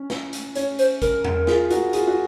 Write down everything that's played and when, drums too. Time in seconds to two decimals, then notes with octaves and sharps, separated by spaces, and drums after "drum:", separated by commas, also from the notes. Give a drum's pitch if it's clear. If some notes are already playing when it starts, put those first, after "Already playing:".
Already playing: C#4
0.10 drum: snare
0.33 drum: hi-hat
0.55 C#4 C#5, drum: hi-hat
0.79 C5, drum: hi-hat
1.02 A#4, drum: kick A1, hi-hat
1.25 drum: tom E2
1.47 F4 G#4, drum: snare
1.70 F#4 A#4, drum: hi-hat
1.93 F4 G#4, drum: hi-hat
2.08 F#4